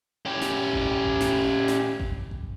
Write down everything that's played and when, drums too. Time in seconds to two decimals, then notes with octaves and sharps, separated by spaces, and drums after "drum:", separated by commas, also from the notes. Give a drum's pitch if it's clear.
0.26 C#4 G4
0.42 drum: snare
0.73 drum: kick G#1
1.05 drum: kick G#1
1.21 drum: snare
1.68 drum: snare
2.00 drum: kick G#1
2.31 drum: kick G#1